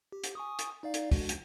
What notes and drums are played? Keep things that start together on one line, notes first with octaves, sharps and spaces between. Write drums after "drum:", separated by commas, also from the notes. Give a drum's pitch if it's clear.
G4
drum: hi-hat
G#5 C#6 D#6
drum: hi-hat
D#4 D5 F5
drum: hi-hat
G#3 D4 F#4, drum: kick, open hi-hat
drum: hi-hat